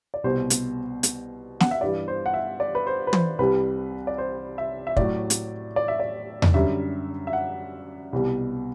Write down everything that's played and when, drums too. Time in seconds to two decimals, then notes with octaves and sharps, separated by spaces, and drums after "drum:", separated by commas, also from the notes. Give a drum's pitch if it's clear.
0.14 D5
0.24 C2 B2 G3 C5
0.50 drum: hi-hat
1.03 drum: hi-hat
1.60 F#5, drum: snare
1.71 E5
1.81 G2 E3 G3 D5
2.08 C5
2.26 F#5
2.34 E5
2.60 D5
2.75 B4
2.87 C5
3.07 B4
3.13 C5, drum: tom
3.39 C2 C3 G3 B4
4.07 D5
4.18 C5
4.58 E5
4.87 E5
4.97 A2 F#3 D5, drum: kick
5.30 drum: hi-hat
5.76 D5
5.88 E5
6.00 D5
6.42 drum: tom E2
6.54 F#2 D3 G3 E5
7.27 E5
7.33 F#5
8.13 C2 B2 G3